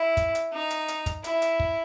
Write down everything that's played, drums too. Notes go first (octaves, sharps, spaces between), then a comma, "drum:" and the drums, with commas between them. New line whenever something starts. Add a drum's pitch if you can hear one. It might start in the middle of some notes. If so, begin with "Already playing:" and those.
Already playing: E4
drum: kick, hi-hat
drum: hi-hat
D#4
drum: hi-hat
drum: hi-hat
drum: kick, hi-hat
E4, drum: hi-hat
drum: hi-hat
drum: kick